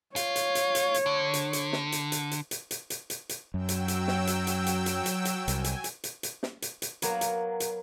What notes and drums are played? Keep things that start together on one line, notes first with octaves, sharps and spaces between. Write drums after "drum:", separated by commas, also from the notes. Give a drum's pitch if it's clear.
F4 C#5, drum: hi-hat
drum: hi-hat
drum: hi-hat
drum: hi-hat
drum: hi-hat
D3
drum: hi-hat
drum: hi-hat
drum: snare
drum: hi-hat
drum: hi-hat
drum: hi-hat
drum: hi-hat
drum: hi-hat
drum: hi-hat
drum: hi-hat
drum: hi-hat
F#2 F#3 G5 E6
drum: hi-hat
drum: hi-hat
drum: snare
drum: hi-hat
drum: hi-hat
drum: hi-hat
drum: hi-hat
drum: hi-hat
drum: hi-hat
C2 G#5, drum: hi-hat
drum: hi-hat
drum: hi-hat
drum: hi-hat
drum: hi-hat
drum: snare
drum: hi-hat
drum: hi-hat
F#3 A#3 B3, drum: hi-hat
drum: hi-hat
drum: hi-hat